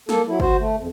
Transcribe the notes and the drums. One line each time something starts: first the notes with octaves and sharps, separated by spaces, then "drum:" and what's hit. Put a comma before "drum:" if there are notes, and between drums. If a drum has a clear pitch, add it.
A#3 A4, drum: snare
F#3 E4
F#4 C5, drum: kick
A3
F2